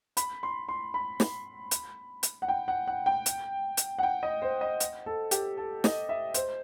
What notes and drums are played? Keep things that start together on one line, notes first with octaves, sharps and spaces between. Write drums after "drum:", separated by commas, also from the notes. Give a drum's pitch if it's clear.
B5, drum: hi-hat
C6
C6
B5
drum: snare
drum: hi-hat
drum: hi-hat
F#5
G5
F#5
F#5
G5
drum: hi-hat
drum: hi-hat
F#5
G5
D#5
C5
D#5
drum: hi-hat
A4
G4, drum: hi-hat
A4
D#5, drum: snare
E5
C5, drum: hi-hat